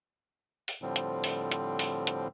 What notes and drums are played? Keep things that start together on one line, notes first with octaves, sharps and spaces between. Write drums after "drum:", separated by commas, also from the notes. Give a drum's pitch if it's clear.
drum: open hi-hat
A2 D3 F3 G3 C4
drum: hi-hat
drum: open hi-hat
drum: hi-hat
drum: open hi-hat
drum: hi-hat